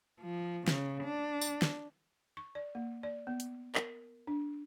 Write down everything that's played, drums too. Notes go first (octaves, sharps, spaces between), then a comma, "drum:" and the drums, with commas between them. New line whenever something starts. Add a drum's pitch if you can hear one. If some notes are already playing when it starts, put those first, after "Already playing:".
F3
C#3, drum: snare
D4
drum: tambourine
drum: snare
C#6
D5
A#3
D5
B3
drum: hi-hat
A#4, drum: clap
D4